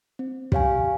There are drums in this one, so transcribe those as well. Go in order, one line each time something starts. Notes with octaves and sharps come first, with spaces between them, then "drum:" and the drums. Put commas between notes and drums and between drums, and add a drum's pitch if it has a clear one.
C4
G4 C#5 F5 G#5, drum: kick